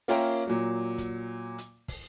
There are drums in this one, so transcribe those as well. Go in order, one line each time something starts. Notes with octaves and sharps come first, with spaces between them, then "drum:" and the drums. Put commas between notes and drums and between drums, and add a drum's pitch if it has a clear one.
A#3 C#4 F4 A#4 E5 G5, drum: open hi-hat
A#2 F#3
drum: kick, hi-hat
drum: hi-hat
drum: kick, open hi-hat